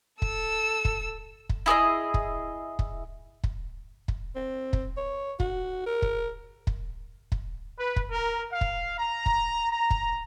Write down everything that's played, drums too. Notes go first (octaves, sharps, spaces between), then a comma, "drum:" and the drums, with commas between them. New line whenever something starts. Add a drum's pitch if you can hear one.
A4 E6, drum: kick
drum: kick
drum: kick
E4 G#4 C#5 D#5
drum: kick
drum: kick
drum: kick
drum: kick
C4
drum: kick
C#5
F#4, drum: kick
A#4
drum: kick
drum: kick
drum: kick
B4
drum: kick
A#4
F5
drum: kick
A#5
drum: kick
A#5
drum: kick